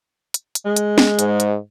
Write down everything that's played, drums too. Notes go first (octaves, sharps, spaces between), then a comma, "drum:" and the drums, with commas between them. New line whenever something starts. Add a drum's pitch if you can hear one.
drum: hi-hat
drum: hi-hat
G#3
drum: hi-hat
drum: snare
G#2, drum: hi-hat
drum: hi-hat